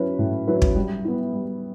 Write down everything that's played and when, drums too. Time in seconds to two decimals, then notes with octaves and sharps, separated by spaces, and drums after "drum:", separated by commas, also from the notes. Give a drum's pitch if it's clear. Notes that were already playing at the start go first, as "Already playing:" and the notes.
Already playing: F#3 C#4 E4 B4
0.19 A2
0.48 F#3 C#4 E4 B4
0.62 drum: kick
0.76 G3
1.04 B3 E4
1.33 G3